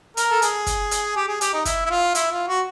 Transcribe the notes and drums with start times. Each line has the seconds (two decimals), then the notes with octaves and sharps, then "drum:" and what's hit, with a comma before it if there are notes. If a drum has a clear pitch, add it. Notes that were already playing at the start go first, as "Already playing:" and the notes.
0.17 A#4, drum: hi-hat
0.31 A4
0.42 G#4, drum: hi-hat
0.67 drum: kick, hi-hat
0.91 drum: hi-hat
1.16 G4
1.28 G#4
1.41 G4, drum: hi-hat
1.53 D#4
1.65 E4, drum: kick, hi-hat
1.86 E4
1.90 F4
2.15 E4, drum: hi-hat
2.31 F4
2.48 F#4